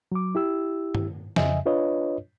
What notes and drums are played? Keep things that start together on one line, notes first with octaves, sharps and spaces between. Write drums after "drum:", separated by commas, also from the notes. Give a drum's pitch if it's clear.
F#3 D6
E4 G4 E6
drum: tom
F2 C#3 D#5 E5 G#5, drum: snare
D4 F4 B4 C#5 D#5